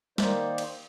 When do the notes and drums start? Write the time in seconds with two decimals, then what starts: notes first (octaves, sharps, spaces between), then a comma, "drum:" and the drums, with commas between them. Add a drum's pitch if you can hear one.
0.18 D#3 A#3 D#4 C5 D5, drum: snare
0.58 drum: cymbal